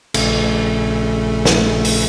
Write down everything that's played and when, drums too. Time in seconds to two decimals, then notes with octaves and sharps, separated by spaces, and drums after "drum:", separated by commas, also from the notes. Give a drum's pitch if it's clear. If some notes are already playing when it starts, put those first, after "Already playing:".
0.14 A#1 C#3 A3, drum: cymbal
1.45 drum: snare
1.85 drum: open hi-hat